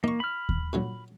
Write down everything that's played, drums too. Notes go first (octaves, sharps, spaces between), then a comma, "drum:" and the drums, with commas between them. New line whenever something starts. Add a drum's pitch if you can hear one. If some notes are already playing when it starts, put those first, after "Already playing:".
A#3 D#4 C#6
B5 F6
drum: kick D#2
A#2 D3 F#3